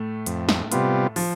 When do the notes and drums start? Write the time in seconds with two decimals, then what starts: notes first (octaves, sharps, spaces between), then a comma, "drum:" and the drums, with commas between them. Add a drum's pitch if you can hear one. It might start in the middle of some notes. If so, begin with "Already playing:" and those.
Already playing: A2 A3
0.26 F2, drum: hi-hat
0.49 drum: snare
0.72 C3 G3 B3 F4, drum: hi-hat
1.16 F3, drum: open hi-hat